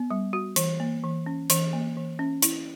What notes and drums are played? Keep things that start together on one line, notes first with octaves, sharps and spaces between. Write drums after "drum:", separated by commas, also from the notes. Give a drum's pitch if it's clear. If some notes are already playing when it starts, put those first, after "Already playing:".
Already playing: B3
G3
F#4
E3, drum: hi-hat
A#3
E3
C#4
E3, drum: hi-hat
A#3
E3
C#4
E4, drum: hi-hat